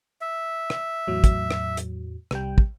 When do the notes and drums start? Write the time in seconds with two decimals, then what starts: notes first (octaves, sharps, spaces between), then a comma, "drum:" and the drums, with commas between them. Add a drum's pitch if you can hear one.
0.21 E5
0.70 drum: rim click
1.07 E2 A2 F#3
1.24 drum: kick, hi-hat
1.51 drum: rim click
1.77 drum: hi-hat
2.31 C2 G3 G5, drum: rim click
2.58 drum: kick